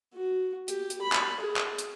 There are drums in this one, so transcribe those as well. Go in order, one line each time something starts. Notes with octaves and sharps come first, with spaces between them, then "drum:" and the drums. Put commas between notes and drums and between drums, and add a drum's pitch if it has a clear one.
F#4
G4, drum: hi-hat
drum: hi-hat
B5
drum: clap
G#4
drum: clap
drum: hi-hat